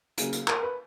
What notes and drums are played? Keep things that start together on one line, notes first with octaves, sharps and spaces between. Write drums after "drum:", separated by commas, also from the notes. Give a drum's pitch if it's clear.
C#3 F#3 A#3 G#4, drum: hi-hat
drum: hi-hat
A#4, drum: clap
B4